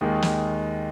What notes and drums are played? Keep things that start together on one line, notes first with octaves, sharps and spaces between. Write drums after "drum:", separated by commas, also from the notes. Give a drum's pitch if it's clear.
D#2 D#3 G#3
drum: snare